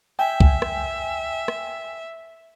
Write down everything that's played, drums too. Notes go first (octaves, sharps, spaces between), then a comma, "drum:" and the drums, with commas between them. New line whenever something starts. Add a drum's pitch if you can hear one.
E5 G5 G#5
drum: kick
drum: rim click
drum: rim click